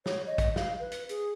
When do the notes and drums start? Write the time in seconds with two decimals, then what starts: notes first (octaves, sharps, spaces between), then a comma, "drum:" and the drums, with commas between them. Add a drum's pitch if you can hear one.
0.06 C#5, drum: snare
0.27 D#5
0.38 drum: kick, hi-hat
0.56 F5, drum: snare
0.80 B4
0.92 drum: hi-hat
1.09 G#4, drum: hi-hat